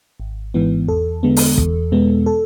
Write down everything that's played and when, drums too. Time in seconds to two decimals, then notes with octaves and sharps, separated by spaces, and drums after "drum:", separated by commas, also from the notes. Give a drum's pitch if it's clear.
0.20 G#1
0.54 G#2 E3 B3
0.88 E2 A4
1.23 D3 G#3 B3
1.37 drum: open hi-hat
1.58 E2, drum: kick
1.92 B2 G#3 B3
2.26 A4